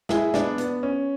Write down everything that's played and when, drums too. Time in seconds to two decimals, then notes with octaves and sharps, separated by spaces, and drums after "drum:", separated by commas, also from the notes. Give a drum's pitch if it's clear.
0.09 E4 G#4, drum: snare
0.34 B3 D4, drum: snare
0.58 B3, drum: hi-hat
0.83 C#4